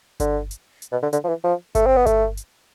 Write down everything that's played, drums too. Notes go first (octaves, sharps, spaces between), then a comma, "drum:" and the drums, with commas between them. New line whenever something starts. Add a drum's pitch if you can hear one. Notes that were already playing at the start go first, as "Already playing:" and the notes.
D3, drum: kick G1, hi-hat
drum: hi-hat
drum: hi-hat
B2
D3
D3, drum: hi-hat
F3
E3
F3
A3, drum: kick G1, hi-hat
C4
B3
A3, drum: kick G1, hi-hat
drum: hi-hat